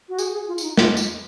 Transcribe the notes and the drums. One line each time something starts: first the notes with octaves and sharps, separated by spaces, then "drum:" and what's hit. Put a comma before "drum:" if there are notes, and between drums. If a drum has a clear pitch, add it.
F#4
G#4, drum: tambourine
G#4
F4
F4, drum: tambourine
D#4
F4, drum: snare
drum: tambourine